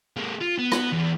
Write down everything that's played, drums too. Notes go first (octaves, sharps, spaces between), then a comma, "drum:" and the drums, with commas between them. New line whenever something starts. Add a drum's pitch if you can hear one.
G#3 A#3
F4
B3
drum: rim click
E2